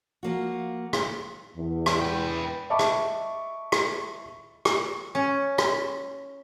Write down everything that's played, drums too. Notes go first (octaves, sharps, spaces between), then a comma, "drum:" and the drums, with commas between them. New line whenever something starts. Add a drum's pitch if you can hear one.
F3 A#3 F#4
drum: rim click
E2
drum: rim click
B4 G5
D#5 E5 A5 B5 C#6 D6
drum: rim click
drum: rim click
drum: rim click
C#4
drum: rim click